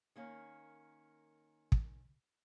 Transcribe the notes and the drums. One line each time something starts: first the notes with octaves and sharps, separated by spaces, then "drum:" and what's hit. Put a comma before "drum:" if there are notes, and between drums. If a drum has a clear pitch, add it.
D#3 A#3 C#4
drum: kick